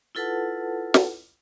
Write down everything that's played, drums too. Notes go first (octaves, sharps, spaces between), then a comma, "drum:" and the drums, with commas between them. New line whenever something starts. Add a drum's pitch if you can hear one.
E4 F4 A4 B4 F#5 A5
drum: snare